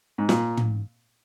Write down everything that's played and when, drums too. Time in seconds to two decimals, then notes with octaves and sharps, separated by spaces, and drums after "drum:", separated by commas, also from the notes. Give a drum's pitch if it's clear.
0.18 G#2
0.29 A#2, drum: snare
0.57 drum: tom